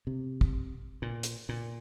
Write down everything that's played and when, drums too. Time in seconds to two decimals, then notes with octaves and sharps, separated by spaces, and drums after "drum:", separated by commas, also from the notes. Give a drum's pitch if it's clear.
0.07 C3
0.41 drum: kick
1.02 A#2
1.23 drum: hi-hat
1.49 A#2